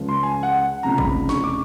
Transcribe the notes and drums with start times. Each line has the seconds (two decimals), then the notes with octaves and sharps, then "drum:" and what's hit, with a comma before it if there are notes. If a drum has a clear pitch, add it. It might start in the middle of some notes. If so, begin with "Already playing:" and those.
Already playing: C#2 C#3 F3 G#3
0.09 C6
0.23 G#5
0.43 F#5
0.83 F1 F2 C#3 F3 A#5
0.98 B5, drum: kick
1.29 C#6, drum: snare
1.44 D6